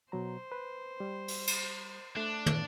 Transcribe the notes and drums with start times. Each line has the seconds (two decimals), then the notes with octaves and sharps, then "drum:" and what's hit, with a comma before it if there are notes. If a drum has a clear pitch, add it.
0.12 B2 F#3 C5 A#5
0.52 B4
1.00 G3
1.28 drum: open hi-hat
1.47 drum: cymbal
2.16 A3 D4 F#6
2.46 drum: tom